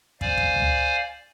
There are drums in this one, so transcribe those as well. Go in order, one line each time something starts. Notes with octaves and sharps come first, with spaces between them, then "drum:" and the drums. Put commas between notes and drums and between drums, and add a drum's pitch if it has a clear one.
C5 D5 F5 G#5, drum: kick
drum: kick
drum: tom C#2